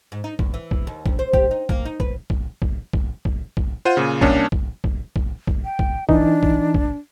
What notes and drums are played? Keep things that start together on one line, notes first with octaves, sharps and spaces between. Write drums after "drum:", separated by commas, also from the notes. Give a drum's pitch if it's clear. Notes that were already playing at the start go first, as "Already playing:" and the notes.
G#2
D#4
E2, drum: kick
E3
drum: kick
D#2
D2, drum: kick
C5
G4, drum: kick
D#4
A#3, drum: kick
D#4
B4, drum: kick
drum: kick
drum: kick
drum: kick
drum: kick
drum: kick
F4 C5 F#5 D#7
A#2 C#3
C2 A#3 C#4 D4 C#5 A5, drum: kick
drum: kick
drum: kick
drum: kick
drum: kick
G5
drum: kick
E3 D4 D#4, drum: kick
drum: kick
drum: kick